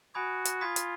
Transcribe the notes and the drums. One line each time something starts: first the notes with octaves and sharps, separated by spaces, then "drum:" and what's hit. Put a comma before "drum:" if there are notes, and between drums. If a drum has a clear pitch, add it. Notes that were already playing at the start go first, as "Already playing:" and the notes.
F#4 G#5 B5 D#6 G#6
drum: hi-hat
F4 B5 D#6 G#6 B6
drum: hi-hat